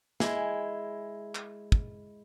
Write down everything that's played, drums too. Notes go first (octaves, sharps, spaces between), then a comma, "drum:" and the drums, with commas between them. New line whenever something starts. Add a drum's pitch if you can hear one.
G#3 E4, drum: snare
drum: clap
drum: kick